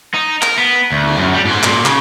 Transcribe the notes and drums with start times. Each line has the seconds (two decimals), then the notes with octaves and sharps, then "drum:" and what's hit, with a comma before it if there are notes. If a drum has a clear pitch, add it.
0.14 D#4
0.42 A#4, drum: clap
0.58 B3
0.92 D2
1.03 drum: cymbal
1.18 F#2
1.34 G3
1.45 G#2, drum: cymbal
1.63 A#2, drum: clap
1.85 C#3, drum: clap